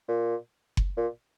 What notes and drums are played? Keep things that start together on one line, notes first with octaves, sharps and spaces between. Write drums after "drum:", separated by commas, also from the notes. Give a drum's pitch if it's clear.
A#2
drum: kick F#1
A#2